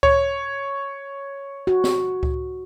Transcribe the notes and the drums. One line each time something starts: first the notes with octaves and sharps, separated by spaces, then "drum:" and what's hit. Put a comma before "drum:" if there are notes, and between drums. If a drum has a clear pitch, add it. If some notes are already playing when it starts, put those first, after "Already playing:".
C#5, drum: kick C#2
F#4
drum: snare
drum: kick C#2